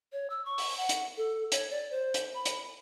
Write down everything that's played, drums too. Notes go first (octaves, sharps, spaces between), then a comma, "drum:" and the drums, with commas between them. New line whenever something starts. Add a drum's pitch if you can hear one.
C#5
E6
C#6
drum: open hi-hat
F#5
drum: hi-hat
A4
C#5, drum: hi-hat
D5
C5
drum: hi-hat
B5
drum: hi-hat